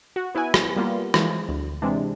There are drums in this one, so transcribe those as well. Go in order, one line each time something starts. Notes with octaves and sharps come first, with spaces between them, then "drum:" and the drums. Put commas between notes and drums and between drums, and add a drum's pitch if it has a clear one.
F#4
B3 E4 B4 G#5
drum: rim click
G3 A#3 B3 F4
E3 F3 G#3, drum: rim click
D2
C3 E3 G#3 D4